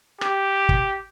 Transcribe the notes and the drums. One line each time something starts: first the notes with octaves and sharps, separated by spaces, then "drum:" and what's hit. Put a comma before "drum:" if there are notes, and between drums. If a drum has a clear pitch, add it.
G4, drum: rim click
drum: kick